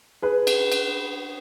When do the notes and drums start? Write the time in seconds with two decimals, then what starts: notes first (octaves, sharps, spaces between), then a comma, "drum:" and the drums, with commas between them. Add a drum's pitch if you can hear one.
0.22 G#4 B4
0.47 drum: cymbal
0.72 drum: cymbal